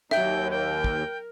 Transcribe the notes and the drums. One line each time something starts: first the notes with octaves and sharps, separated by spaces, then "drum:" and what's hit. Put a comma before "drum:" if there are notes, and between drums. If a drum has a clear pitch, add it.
D#2 F#3 D#4 E5 G5, drum: snare
A#4 G5
drum: kick